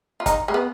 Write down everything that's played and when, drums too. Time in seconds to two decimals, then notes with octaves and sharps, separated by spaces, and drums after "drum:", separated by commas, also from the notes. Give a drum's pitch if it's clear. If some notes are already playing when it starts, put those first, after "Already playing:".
0.20 F4
0.26 D#4, drum: kick, hi-hat
0.48 G#3
0.54 B3